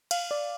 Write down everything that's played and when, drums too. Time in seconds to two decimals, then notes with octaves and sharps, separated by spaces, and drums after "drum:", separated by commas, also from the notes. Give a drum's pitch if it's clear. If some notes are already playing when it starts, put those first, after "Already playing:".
0.11 F5, drum: cymbal
0.31 D5